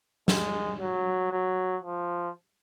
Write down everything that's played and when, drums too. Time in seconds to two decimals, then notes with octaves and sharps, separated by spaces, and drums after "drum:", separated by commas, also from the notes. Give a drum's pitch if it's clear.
0.28 G#3, drum: snare
0.80 F#3
1.32 F#3
1.84 F3